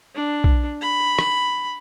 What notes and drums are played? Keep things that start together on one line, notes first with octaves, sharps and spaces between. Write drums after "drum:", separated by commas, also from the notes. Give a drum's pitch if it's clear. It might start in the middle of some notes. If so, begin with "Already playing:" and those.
D4
drum: kick B1
B5
drum: rim click